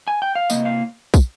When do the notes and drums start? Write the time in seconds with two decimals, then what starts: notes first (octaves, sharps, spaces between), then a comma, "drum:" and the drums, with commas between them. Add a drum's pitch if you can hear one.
0.08 G#5
0.22 G5
0.35 F5
0.50 C3 G3 A#3 D#5, drum: tambourine
0.65 F5
1.14 drum: kick, tambourine